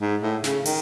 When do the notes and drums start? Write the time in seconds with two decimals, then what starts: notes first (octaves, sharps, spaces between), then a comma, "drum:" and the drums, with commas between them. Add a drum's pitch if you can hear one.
0.01 G#2
0.22 A2
0.44 C#3, drum: snare
0.65 D#3, drum: open hi-hat